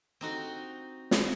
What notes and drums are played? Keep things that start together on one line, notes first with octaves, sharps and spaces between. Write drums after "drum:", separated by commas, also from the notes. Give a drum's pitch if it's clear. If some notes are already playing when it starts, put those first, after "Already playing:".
C4 D#4 F#4
drum: snare